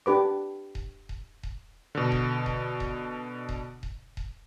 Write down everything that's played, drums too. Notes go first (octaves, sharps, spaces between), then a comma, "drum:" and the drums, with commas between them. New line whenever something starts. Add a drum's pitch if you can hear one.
D4 G4 B4 D6
drum: kick D#1
drum: kick D#1
drum: kick D#1
B2 D3
drum: kick D#1
drum: kick D#1
drum: kick D#1
drum: kick D#1
drum: kick D#1
drum: kick D#1